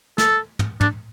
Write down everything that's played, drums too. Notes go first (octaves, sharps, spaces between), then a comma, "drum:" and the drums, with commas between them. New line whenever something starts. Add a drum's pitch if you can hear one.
A4, drum: snare
drum: tom
D4, drum: tom